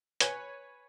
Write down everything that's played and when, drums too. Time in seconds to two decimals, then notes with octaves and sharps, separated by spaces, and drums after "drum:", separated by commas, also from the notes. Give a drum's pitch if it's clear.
0.20 B4 C#5 G#5, drum: hi-hat